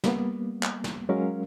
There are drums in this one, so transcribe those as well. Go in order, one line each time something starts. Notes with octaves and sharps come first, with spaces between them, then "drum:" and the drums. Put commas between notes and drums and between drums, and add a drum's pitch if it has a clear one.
G3 A#3 B3, drum: snare
drum: clap
drum: snare
F#3 G#3 C#4 A#4 F5